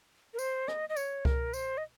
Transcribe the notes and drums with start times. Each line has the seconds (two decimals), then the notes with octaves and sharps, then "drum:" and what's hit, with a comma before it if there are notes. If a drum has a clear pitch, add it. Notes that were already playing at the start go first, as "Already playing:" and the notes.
0.34 A#4
0.39 C5, drum: tambourine
0.68 D#5, drum: rim click
0.89 D#5
0.96 C#5, drum: tambourine
1.25 A#4, drum: kick C2
1.54 C5, drum: tambourine
1.78 D#5